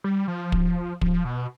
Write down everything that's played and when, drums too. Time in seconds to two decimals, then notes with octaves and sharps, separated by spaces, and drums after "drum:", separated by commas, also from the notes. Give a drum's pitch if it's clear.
0.04 G3
0.28 F3
0.52 drum: kick
1.01 F3, drum: kick
1.25 B2